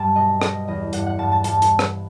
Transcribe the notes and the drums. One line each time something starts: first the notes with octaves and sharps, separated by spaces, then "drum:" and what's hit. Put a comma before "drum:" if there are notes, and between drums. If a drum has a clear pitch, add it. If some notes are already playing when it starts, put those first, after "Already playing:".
Already playing: G2 G3 A5
B2 D#5
G3 D#5, drum: rim click
E2 D#5
G2 F#5, drum: hi-hat
F#5
G2 A5
A5
G2 A5, drum: hi-hat
drum: hi-hat
drum: rim click